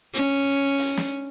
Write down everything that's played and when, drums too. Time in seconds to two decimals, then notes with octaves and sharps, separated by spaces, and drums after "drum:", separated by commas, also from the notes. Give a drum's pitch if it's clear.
0.14 C#4
0.78 drum: open hi-hat
0.97 drum: snare